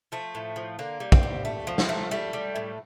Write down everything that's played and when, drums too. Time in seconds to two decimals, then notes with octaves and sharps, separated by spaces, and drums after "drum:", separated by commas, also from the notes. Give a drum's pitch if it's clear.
0.12 F3 A3
0.35 A2
0.56 F3
0.79 D3 A#3
1.00 G3
1.12 C4, drum: kick
1.23 G3
1.45 A3
1.67 F3
1.78 drum: snare
1.89 A3
2.11 G3 A3
2.33 G3
2.56 A2